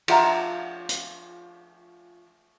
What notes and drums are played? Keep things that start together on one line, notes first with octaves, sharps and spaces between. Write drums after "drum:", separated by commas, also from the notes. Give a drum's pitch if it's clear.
F3 D4 F4 E5 F#5 A#5, drum: cymbal
drum: hi-hat